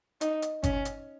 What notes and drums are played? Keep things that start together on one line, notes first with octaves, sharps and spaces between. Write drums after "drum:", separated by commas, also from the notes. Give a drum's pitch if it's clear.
D#4, drum: hi-hat
drum: hi-hat
C#4, drum: kick G1, hi-hat
drum: hi-hat